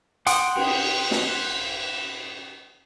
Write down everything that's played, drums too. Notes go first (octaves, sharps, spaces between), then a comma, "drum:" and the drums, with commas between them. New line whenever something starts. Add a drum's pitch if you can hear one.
F#5 G5 C6 D#6, drum: hi-hat
drum: cymbal
drum: snare